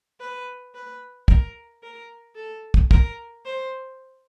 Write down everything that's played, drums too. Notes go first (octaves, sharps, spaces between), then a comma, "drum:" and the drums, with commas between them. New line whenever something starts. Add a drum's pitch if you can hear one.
B4
B4
A#4, drum: kick
A#4
A4
drum: kick
A#4, drum: kick
C5